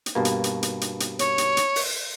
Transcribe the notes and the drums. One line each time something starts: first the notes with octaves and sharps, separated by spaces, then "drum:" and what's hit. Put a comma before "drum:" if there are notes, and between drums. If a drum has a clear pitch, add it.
drum: hi-hat
G2 B2 A#3
drum: hi-hat
drum: hi-hat
drum: hi-hat
drum: hi-hat
drum: hi-hat
C#5, drum: hi-hat
drum: hi-hat
drum: hi-hat
drum: open hi-hat